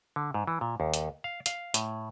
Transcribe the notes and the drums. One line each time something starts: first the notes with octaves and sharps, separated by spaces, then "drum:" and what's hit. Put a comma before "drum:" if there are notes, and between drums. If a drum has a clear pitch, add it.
D3
G#2
E3
A#2
D#2
drum: hi-hat
F5
F5, drum: hi-hat
A2, drum: hi-hat